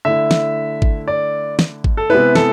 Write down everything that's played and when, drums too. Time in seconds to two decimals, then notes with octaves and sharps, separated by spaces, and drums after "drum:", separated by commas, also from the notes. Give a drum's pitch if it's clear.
0.05 D3 A3 E4 E5
0.31 drum: snare
0.82 drum: kick G#1
1.08 D5
1.59 drum: snare
1.84 drum: kick G#1
1.97 A4
2.10 C3 G#3 B3 E4 B4
2.35 A4, drum: snare